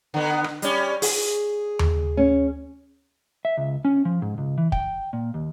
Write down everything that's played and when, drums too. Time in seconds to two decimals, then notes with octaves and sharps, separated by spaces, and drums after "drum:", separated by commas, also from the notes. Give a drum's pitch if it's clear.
0.14 D3 B3
0.44 drum: rim click
0.62 G3 C#4, drum: hi-hat
1.02 G#4, drum: open hi-hat
1.79 drum: tom D#2
2.17 C#4
3.45 E5
3.57 C#2
3.85 C#4
4.05 F3
4.22 G#2
4.38 C#2
4.58 E3
4.72 G5, drum: kick
5.13 A#2
5.34 D#2